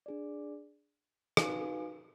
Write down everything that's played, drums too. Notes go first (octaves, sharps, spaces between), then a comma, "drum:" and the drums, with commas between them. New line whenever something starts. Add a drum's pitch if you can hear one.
D4 G#4 D5
D#4 F#4 B4 F5 G#5, drum: rim click